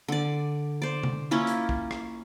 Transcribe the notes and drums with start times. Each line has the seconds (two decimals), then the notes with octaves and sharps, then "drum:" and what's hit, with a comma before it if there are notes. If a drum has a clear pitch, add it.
0.08 D3 D5
0.82 C5 D5
1.03 drum: tom
1.31 A#3 C#4 E4 F4
1.47 drum: hi-hat
1.69 drum: kick
1.91 drum: rim click